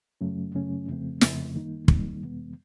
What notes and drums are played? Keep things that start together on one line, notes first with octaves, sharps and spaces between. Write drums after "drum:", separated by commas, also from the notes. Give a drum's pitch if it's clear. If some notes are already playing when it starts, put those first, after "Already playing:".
F#2 C#3 F#3 A3 C#4
F#2 C#3 F#3 A3 C#4
F2 C#3 F3 A3 C4
F2 C#3 F3 A3 C4, drum: snare
F#2 D#3 G3 A#3 D#4
F#2 D#3 G3 A#3 D#4, drum: kick
F2 C3 E3 G#3 B3